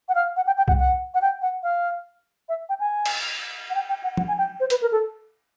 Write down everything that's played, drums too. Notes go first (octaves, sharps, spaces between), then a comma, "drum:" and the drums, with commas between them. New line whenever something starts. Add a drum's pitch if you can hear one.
F#5
F5
F#5
G5
G5
F#5, drum: kick C2
F#5
F#5
G5
F#5
F5
E5
G5
G#5
drum: cymbal
F#5
G5
G5
F#5
F#5, drum: tom F3
G#5
G5
C5
B4, drum: hi-hat
A#4
A4